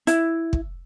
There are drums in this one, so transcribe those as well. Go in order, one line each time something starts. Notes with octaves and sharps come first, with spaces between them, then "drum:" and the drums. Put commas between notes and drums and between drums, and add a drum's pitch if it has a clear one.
E4, drum: hi-hat
drum: kick